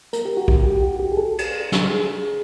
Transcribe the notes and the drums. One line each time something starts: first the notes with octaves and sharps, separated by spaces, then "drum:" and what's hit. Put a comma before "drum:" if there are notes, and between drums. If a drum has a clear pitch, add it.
A#4, drum: hi-hat
G4
F#4
G4, drum: kick B1
G4
F#4
G4
G#4
A4
drum: cymbal
drum: snare
G#4